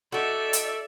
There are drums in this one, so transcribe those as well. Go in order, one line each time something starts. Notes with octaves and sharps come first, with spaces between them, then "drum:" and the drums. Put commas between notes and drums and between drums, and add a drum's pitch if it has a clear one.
D#4 F#4 A4 D5 E5
drum: hi-hat